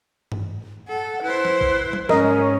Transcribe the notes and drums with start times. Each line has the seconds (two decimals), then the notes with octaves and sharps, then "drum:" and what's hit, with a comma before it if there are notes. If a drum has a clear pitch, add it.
0.32 drum: tom G2
0.87 A4 F#5
1.23 E4 B4 C5
1.45 drum: snare
1.61 drum: kick A#1
1.93 drum: tom F#3
2.09 G#2 C#4 A#4 D#5, drum: snare